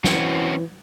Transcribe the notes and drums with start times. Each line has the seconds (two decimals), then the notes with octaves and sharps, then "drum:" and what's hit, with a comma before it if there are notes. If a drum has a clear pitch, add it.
0.04 E3 C4 C#4 F#4, drum: snare